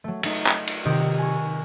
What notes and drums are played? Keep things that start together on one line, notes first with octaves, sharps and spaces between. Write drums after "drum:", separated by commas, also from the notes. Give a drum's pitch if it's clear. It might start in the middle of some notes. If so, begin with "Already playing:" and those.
F#3 A3
A3 D#4, drum: cymbal
drum: clap
drum: cymbal
C3 D#3 G4 D#6 D7
G#5 C#6